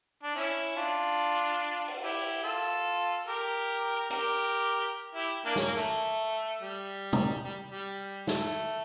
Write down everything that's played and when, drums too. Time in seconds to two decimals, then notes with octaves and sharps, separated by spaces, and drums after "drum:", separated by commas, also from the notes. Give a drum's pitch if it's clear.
0.23 D4
0.35 C#4 E4
0.76 D4 F4
1.88 drum: open hi-hat
2.02 E4 G4
2.43 F4 A4
3.27 G4 A#4
4.10 G4 A#4, drum: hi-hat
5.14 E4 G4
5.45 A#3 D4
5.56 C#4, drum: snare
5.67 A#3
5.77 A3
6.60 G3
7.13 drum: tom
7.43 G3
7.71 G3
8.27 A3, drum: snare